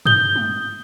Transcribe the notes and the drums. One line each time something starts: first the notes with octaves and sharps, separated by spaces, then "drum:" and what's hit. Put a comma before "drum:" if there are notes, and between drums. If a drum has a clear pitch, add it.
D#6 G6 G7, drum: tom G2
drum: tom